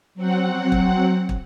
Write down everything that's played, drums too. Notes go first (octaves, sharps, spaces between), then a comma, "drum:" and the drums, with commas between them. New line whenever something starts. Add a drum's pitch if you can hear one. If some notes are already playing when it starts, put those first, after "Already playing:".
F#3 C4 F#5
drum: kick
drum: kick